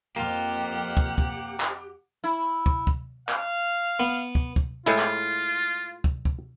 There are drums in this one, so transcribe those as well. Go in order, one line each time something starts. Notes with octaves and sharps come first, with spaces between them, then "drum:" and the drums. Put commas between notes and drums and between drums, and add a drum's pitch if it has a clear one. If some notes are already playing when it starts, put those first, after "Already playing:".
F2 A#3 F4 G4 F#5
drum: kick
drum: kick
drum: clap
E4
drum: kick
drum: kick
F5, drum: clap
B3
drum: kick
drum: kick
A2 G#3 E4 F4
drum: clap
drum: kick
drum: kick